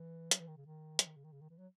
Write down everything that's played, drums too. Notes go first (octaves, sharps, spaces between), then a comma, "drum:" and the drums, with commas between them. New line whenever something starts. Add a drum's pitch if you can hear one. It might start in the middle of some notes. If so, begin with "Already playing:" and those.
Already playing: E3
F#3, drum: hi-hat
E3
D#3
C#3
D#3
F#3, drum: hi-hat
D#3
C#3
D#3
C#3
D#3
E3
F#3